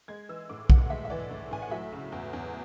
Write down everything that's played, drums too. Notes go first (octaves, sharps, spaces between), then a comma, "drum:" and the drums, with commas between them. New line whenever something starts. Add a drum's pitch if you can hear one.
G#3 G#6
E3 E6
A2 D6
A2 F#5, drum: kick B1
G#3 E5
E5
E3 D5
A2
A2 G#5
F#5
F#3 E5
C#3
E2
E2